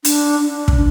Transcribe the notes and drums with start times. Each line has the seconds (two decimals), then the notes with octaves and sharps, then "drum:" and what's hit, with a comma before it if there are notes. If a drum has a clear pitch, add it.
0.05 D4, drum: hi-hat
0.49 D4
0.68 drum: kick